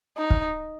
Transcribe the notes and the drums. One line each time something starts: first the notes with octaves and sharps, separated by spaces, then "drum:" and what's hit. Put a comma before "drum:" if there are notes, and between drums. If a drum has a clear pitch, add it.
D#4
drum: kick